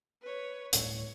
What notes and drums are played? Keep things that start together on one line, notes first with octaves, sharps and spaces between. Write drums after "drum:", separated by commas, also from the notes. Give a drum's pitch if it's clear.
B4 C#5
D1 A2 G3 C#5, drum: hi-hat